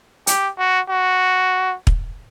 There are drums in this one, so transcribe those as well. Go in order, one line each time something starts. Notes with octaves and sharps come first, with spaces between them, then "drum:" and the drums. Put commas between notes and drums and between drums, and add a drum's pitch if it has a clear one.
G4, drum: hi-hat
F#4
F#4
drum: kick